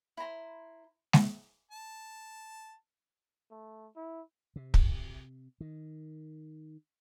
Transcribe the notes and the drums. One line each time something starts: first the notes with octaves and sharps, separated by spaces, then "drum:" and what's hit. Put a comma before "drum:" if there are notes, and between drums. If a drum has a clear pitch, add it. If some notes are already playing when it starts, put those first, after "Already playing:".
E4 C5 A#5 C6
drum: snare
A5
A3
E4
C3
drum: kick
D#3